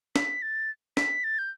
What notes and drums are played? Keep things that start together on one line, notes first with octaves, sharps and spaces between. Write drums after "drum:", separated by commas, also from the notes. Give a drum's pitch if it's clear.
B6, drum: snare
A6
B6, drum: snare
A6
G6